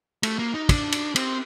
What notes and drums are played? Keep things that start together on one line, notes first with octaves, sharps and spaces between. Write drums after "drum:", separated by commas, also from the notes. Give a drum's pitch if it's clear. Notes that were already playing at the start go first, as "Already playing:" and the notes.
A3, drum: cymbal
A#3
D#4
D4, drum: kick, cymbal
drum: cymbal
C4, drum: cymbal